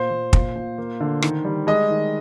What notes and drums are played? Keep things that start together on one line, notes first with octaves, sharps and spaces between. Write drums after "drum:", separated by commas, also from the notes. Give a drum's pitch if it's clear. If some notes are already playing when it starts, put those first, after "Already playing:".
Already playing: A#2 C5
A#2
A#2, drum: kick
A#2
A#3
D3
D#3, drum: rim click
G3
G#3 D#5
D#3